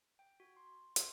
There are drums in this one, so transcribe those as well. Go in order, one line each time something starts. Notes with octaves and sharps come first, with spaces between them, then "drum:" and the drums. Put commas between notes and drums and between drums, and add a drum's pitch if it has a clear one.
G5
F#4
C6
C6, drum: hi-hat